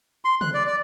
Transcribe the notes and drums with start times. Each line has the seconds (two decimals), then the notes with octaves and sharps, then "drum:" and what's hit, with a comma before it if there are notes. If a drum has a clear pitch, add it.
0.25 C6
0.41 F#6, drum: tom
0.54 D5
0.67 D5